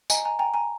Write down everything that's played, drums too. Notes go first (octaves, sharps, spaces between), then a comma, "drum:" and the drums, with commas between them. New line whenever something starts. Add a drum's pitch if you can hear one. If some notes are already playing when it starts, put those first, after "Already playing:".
D#5 G#5 A#5, drum: tambourine
G#5 A#5
G5 G#5 A#5
G#5 A#5